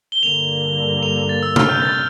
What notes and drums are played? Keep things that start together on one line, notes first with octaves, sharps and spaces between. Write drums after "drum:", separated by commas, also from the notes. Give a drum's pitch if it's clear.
G7
G2 D3 G3 A#3 F7
F7
F7
A6
E6
F6, drum: tom C3
G6
A6